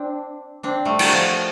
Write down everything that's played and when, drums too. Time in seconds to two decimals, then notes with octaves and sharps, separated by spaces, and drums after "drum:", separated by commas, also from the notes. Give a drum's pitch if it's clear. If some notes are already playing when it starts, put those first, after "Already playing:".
Already playing: C4 D4
0.63 C4 D4
0.85 G3 A3
0.99 F#3, drum: cymbal
1.13 F3